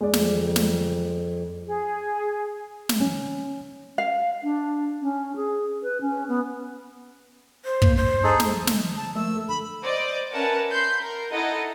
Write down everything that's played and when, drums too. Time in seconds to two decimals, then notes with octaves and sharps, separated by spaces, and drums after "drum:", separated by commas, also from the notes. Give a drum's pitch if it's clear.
0.01 F2 G#3 D5
0.13 drum: snare
0.56 drum: snare
1.66 G#4
2.89 drum: snare
3.00 C#4
3.98 F5
4.43 D4
5.02 C#4
5.36 G#4
5.83 B4
6.01 C#4
6.29 B3
7.65 C5
7.82 A#3, drum: kick
7.97 G2 C5
8.24 D#4 G#4 A4
8.40 drum: snare
8.67 drum: snare
8.96 A5
9.15 F3 A3 A#3 E6
9.35 A4
9.49 D3 B5
9.83 C5 D5 D#5 D6
10.32 C#4 A#4 B4 E5 F#5 A5
10.69 B5 C6 G6 C7
11.01 A#4
11.32 D#4 E4 A4 D#5 F#5